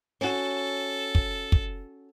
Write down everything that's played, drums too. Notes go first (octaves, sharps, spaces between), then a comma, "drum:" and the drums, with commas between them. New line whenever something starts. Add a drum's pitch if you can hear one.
C#4 F#4 A4
drum: kick
drum: kick